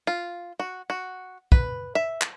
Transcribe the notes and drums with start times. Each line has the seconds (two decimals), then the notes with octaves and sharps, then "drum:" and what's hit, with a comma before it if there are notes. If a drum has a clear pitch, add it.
0.07 F4
0.60 F#4
0.90 F#4
1.52 B4, drum: kick
1.95 E5
2.21 drum: clap